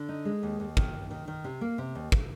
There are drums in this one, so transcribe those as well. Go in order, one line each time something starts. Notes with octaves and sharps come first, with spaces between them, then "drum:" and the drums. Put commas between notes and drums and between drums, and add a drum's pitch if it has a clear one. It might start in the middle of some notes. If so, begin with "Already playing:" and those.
Already playing: D3
D#4
G#3
D#2
D#2
D#3, drum: kick
D#2
D#3
D#3
C3
A#3
C3
D#2
drum: kick